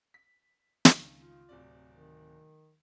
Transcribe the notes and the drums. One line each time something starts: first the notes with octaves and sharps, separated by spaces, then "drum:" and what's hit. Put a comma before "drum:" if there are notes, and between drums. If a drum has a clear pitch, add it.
B6
C#2 D#3, drum: snare
F4
D1 C3 D5
D#3